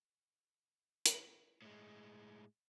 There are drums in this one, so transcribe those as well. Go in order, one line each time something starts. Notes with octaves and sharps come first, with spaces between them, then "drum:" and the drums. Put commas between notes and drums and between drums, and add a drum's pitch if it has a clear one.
drum: hi-hat
A2 G#3